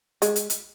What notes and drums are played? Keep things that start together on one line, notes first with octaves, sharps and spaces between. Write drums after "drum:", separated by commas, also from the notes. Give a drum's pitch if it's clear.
G#3, drum: hi-hat
drum: hi-hat
drum: hi-hat